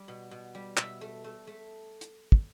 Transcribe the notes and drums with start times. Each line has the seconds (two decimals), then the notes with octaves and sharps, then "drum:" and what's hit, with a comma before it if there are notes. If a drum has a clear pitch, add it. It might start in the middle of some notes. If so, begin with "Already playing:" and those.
Already playing: G3 D5
0.08 B2
0.31 B2
0.55 G3
0.77 B2 E5, drum: clap
1.01 A3
1.24 A3
1.47 A3
2.01 drum: hi-hat
2.32 drum: kick